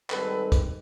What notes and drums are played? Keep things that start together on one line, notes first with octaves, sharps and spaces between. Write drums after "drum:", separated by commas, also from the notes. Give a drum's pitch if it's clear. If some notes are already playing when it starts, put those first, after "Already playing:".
G#2 D#3 G3 C4 A4 B4, drum: clap
drum: kick, hi-hat